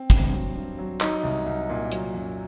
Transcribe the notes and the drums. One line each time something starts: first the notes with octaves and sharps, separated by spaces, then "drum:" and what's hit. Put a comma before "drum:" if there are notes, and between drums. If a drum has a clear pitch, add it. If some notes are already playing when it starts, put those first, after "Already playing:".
Already playing: C4
G2, drum: kick, hi-hat
F#3
G2
F#3
F#3 D#4, drum: clap
C2
C2
A#2
F#3, drum: hi-hat
F#2